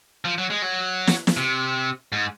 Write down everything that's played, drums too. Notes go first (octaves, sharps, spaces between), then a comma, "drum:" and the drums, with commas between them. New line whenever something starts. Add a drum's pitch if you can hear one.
F3
F#3
G#3
F#3
drum: snare
drum: snare
C3
G#2